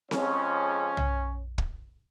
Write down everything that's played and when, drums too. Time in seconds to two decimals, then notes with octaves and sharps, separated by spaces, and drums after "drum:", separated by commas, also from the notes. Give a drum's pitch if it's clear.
0.11 F2 C#3 F3 G#3 C#4, drum: snare C4
0.97 drum: tom
1.58 drum: kick